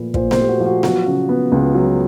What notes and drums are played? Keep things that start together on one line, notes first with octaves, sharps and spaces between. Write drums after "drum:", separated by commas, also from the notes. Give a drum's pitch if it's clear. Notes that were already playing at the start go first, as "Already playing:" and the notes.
Already playing: A#2 F3 A3 B4
A#2 C5, drum: kick
C5, drum: snare B3
A3 G4
F#4
F3
F#4
F#3 F#4, drum: snare B3
C#3
B3
C#2
F#3